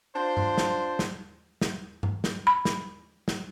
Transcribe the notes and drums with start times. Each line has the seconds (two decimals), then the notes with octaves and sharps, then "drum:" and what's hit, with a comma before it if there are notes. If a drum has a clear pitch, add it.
0.16 D4 F4 C5
0.37 drum: tom G2
0.58 drum: snare
0.99 drum: snare
1.61 drum: snare
2.03 drum: tom G2
2.24 drum: snare
2.47 B5
2.65 drum: snare
3.28 drum: snare